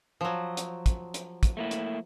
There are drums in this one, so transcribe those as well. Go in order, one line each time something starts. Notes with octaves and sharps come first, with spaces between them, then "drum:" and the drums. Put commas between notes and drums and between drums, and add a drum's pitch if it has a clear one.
F3 F#3
drum: hi-hat
drum: kick, hi-hat
drum: hi-hat
drum: kick, hi-hat
A3 A#3 E4
drum: hi-hat